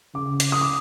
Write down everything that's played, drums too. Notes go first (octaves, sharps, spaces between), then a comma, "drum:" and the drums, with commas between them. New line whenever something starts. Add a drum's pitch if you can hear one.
C#3 D6
drum: hi-hat
D#6
D6